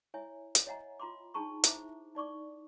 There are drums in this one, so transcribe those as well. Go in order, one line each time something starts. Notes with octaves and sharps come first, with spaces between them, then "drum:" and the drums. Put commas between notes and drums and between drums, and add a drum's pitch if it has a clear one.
E4 C#5 E5 G#5
drum: hi-hat
C#5 D#5 E5 F#5 G#5 A#5
F4 A#5 C6 D6
D4 D#4 G#4 A5 A#5 C#6
E4 C5 E5 D6, drum: hi-hat
D#4 D5 C#6 D6